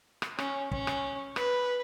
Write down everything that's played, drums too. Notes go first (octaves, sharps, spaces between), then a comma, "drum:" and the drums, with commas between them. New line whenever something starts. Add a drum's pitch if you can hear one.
drum: rim click
C#4, drum: rim click
C#4, drum: kick
drum: rim click
B4, drum: rim click